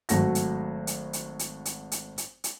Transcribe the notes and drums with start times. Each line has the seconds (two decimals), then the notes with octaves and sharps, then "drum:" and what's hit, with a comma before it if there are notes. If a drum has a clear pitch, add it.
0.09 G#1 F#3 A3 F#4 A#6, drum: hi-hat
0.35 drum: hi-hat
0.87 drum: hi-hat
1.13 drum: hi-hat
1.39 drum: hi-hat
1.65 drum: hi-hat
1.92 drum: hi-hat
2.18 drum: hi-hat
2.44 drum: hi-hat